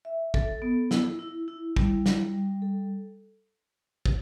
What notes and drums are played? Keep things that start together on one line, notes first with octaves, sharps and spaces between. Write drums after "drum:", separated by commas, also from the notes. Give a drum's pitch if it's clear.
E5
A4, drum: kick
B3
E4, drum: snare
E4
E4
G3, drum: kick
G3, drum: snare
G3
A4
drum: kick